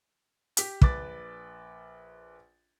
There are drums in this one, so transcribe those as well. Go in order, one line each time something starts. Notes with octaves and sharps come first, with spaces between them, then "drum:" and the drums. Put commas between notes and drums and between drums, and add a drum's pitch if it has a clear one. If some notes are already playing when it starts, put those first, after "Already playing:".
G4 B6, drum: hi-hat
A#1 B4 D6 A6, drum: kick